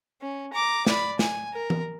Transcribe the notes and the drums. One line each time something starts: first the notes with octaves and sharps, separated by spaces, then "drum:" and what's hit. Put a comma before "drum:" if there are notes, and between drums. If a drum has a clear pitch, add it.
C#4
A#5 D6
D5 B5, drum: snare
G#5, drum: snare
A#4
drum: tom E3